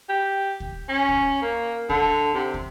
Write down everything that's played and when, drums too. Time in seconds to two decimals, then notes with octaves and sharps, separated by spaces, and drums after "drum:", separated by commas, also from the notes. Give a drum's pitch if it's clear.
0.09 G4
0.60 drum: kick
0.89 C#4
1.09 drum: kick
1.42 A#3
1.89 D3, drum: kick
2.34 C3
2.54 drum: kick